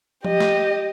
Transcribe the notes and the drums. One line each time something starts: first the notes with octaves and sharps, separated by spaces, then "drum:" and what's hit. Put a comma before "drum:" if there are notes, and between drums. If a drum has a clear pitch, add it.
G4 D#5, drum: tom F3
drum: snare